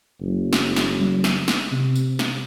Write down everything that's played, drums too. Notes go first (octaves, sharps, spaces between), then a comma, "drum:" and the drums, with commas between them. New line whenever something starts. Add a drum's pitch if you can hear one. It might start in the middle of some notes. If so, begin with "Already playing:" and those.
F#1
drum: snare
drum: snare
drum: tom F#3
drum: snare
drum: snare
C3
drum: tambourine
drum: snare